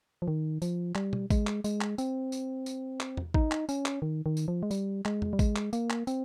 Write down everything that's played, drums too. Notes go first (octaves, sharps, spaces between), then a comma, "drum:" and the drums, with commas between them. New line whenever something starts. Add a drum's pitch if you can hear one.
F3
D#3
F3, drum: tambourine
G3, drum: clap
drum: tom
G#3, drum: kick, tambourine
drum: clap
G#3, drum: tambourine
drum: clap
C4, drum: tambourine
drum: tambourine
drum: tambourine
drum: clap
drum: tom E2
D#4, drum: kick
drum: clap
C#4, drum: tambourine
drum: clap
D#3
D#3
drum: tambourine
F3
G#3
G3, drum: tambourine
G#3, drum: clap
drum: tom E2
G3
G#3, drum: kick, tambourine
drum: clap
A#3, drum: tambourine
drum: clap
C4, drum: tambourine